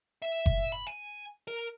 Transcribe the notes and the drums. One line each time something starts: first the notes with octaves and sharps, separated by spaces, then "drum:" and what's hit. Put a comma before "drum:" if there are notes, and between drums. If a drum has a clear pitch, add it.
E5
drum: kick F#1
B5
G#5
A#4